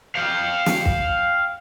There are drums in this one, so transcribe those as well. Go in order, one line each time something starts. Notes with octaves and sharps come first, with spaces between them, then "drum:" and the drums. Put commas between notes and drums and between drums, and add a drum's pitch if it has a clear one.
F5 G5
drum: snare
drum: kick